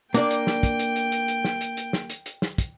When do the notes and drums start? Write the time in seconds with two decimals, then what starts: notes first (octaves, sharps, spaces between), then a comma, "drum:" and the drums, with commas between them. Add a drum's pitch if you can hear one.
0.14 A#3 D4 D5 G5, drum: hi-hat
0.31 drum: hi-hat
0.47 drum: snare
0.63 drum: kick, hi-hat
0.79 drum: hi-hat
0.96 drum: hi-hat
1.12 drum: hi-hat
1.28 drum: hi-hat
1.45 drum: snare
1.61 drum: hi-hat
1.77 drum: hi-hat
1.93 drum: snare
2.10 drum: hi-hat
2.26 drum: hi-hat
2.42 drum: snare
2.58 drum: kick, hi-hat